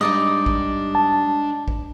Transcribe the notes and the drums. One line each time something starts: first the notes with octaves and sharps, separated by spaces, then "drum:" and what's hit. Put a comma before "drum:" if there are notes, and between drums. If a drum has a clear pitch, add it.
G#2 G3 D4 D#4 D5 D#5 B5
drum: kick
A5
drum: kick